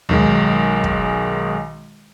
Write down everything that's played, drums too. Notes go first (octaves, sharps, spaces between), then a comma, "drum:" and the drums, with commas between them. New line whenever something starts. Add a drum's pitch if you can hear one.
B1 D#3 G#3, drum: tom D2
drum: kick